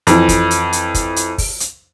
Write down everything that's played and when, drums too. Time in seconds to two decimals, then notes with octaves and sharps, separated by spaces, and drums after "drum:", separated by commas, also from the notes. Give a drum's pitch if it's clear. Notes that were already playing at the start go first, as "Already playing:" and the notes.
0.07 F2 E3, drum: hi-hat
0.29 drum: kick, hi-hat
0.51 drum: hi-hat
0.73 drum: hi-hat
0.94 drum: kick, hi-hat
1.16 drum: hi-hat
1.38 drum: kick, open hi-hat
1.60 drum: hi-hat